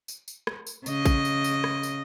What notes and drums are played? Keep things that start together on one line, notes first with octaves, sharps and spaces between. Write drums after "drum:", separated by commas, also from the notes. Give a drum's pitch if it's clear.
drum: tambourine
drum: tambourine
drum: rim click
drum: tambourine
C#3 D#5, drum: tambourine
drum: kick, tambourine
drum: tambourine
drum: tambourine
drum: rim click
drum: tambourine